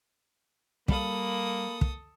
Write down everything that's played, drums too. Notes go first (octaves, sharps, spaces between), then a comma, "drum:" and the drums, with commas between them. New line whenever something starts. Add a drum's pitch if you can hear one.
G3 A#3 A4 F5 B5 D#6, drum: kick
drum: kick